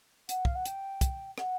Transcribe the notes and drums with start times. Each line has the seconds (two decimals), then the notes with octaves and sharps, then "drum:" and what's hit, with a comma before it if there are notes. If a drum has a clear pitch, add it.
0.29 F#5, drum: hi-hat
0.45 F5, drum: kick
0.55 F#5
0.65 G5, drum: hi-hat
1.01 drum: kick, hi-hat
1.38 F#5, drum: rim click